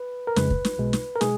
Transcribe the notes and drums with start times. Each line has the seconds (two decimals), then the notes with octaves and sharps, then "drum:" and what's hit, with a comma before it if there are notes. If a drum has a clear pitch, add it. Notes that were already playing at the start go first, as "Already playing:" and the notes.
Already playing: B4
0.27 A#4
0.36 F2 C#3 G#3 B4, drum: snare
0.50 drum: kick
0.65 drum: snare
0.78 B1 B2 G#3
0.93 drum: snare
1.15 A#4
1.21 B2 G#3 G#4, drum: snare